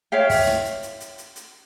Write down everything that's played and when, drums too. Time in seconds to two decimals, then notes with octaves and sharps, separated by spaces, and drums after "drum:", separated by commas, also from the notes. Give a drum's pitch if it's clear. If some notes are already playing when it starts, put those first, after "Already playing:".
0.12 C#5 E5 F5 G5
0.30 drum: kick, open hi-hat
0.47 drum: snare
0.65 drum: hi-hat
0.83 drum: hi-hat
1.00 drum: hi-hat
1.18 drum: hi-hat
1.36 drum: hi-hat